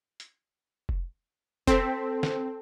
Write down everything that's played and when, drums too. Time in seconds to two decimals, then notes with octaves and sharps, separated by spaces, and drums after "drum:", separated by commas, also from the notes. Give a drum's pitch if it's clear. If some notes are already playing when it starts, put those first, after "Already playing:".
0.20 drum: hi-hat
0.89 drum: kick F1
1.67 C4 A4 B6, drum: kick F1
2.23 drum: snare